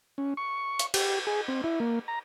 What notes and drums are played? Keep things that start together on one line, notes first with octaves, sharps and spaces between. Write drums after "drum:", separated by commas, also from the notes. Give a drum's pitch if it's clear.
C#4
C#6
drum: hi-hat
G4, drum: cymbal
G#4
C4
E4
A#3
A#5